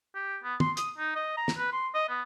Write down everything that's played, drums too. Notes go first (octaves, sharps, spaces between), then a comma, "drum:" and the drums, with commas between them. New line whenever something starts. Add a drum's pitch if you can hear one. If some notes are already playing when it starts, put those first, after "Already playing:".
G4
B3
C6, drum: tom
D#6, drum: hi-hat
D#4
D#5
A#5
drum: snare
B4
C6
D#5
B3